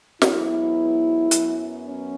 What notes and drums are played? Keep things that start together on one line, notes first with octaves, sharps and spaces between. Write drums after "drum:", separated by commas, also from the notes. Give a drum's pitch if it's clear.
G#2 F#3 B3 E4, drum: snare
F#2 F#3 B3, drum: hi-hat
C#4